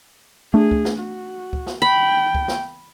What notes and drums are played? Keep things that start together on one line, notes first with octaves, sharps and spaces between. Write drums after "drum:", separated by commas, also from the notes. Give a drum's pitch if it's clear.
A3 D4 G#4
drum: kick C#2
drum: snare
F#4
drum: kick C#2
drum: snare
G5 B5
drum: kick C#2
drum: snare